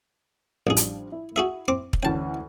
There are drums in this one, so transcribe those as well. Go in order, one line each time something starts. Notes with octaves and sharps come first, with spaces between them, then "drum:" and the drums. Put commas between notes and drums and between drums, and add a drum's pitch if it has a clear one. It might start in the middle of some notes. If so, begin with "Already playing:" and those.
A1 F3 G3 D4 G#4
drum: hi-hat
E4
F#4 G#4 E5
C4 D6
drum: kick
D2 E3 C#4 G5 A5